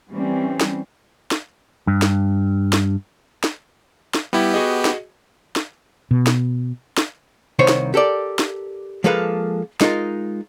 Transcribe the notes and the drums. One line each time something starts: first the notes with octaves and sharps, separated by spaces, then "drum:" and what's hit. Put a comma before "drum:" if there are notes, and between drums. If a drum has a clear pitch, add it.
E3 G3 C4 C#4
drum: snare
drum: snare
G2
drum: snare
drum: snare
drum: snare
drum: snare
G3 B3 E4 G4
F#4 G#4 D#5
drum: snare
drum: snare
B2
drum: snare
drum: snare
C2 D#3 C5 C#5
drum: snare
G4 A4 A#4 D5
drum: snare
F3 G#3 A#3 A4 B4 F5
G#3 D#4 F4 A#4, drum: snare